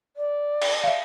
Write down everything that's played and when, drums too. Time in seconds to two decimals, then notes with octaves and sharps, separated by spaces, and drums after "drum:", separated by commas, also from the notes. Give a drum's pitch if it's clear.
0.16 D5
0.62 drum: cymbal
0.84 E5 F5